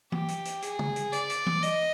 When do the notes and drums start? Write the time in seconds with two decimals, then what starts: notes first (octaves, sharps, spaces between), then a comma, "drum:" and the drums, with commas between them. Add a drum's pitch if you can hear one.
0.12 G4, drum: tom
0.28 drum: hi-hat
0.45 drum: hi-hat
0.62 G#4, drum: hi-hat
0.79 drum: tom
0.96 drum: hi-hat
1.13 D5, drum: hi-hat
1.30 drum: hi-hat
1.46 drum: tom
1.63 D#5, drum: hi-hat